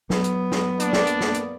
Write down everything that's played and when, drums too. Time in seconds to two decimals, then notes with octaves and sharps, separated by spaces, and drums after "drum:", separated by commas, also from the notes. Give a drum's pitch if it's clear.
0.10 F#3 B3, drum: snare
0.24 drum: hi-hat
0.52 drum: snare
0.80 A#3 D4 D5, drum: hi-hat
0.93 drum: snare
1.07 drum: hi-hat
1.21 drum: snare
1.34 drum: hi-hat